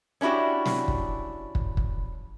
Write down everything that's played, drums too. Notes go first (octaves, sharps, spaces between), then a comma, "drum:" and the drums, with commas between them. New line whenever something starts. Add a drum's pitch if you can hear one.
C#4 D4 E4 F#4 G4
drum: snare
drum: kick
drum: kick
drum: kick